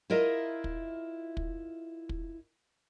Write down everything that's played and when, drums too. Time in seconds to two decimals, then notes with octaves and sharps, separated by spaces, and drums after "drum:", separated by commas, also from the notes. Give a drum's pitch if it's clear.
0.10 E4 F4 A#4 D#5 E5
0.64 drum: kick
1.37 drum: kick
2.09 drum: kick